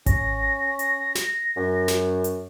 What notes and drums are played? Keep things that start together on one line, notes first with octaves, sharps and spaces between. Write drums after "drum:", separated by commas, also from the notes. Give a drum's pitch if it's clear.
C#4 A#6, drum: kick G#1, hi-hat
drum: hi-hat
drum: snare
F#2
drum: snare
drum: hi-hat